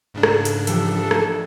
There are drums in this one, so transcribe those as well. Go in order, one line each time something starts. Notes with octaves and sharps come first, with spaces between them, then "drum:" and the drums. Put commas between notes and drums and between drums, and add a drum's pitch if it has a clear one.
G#2 C#3 D4
drum: rim click
drum: hi-hat
E3 F3 G4 A4 G5, drum: hi-hat
A4
drum: rim click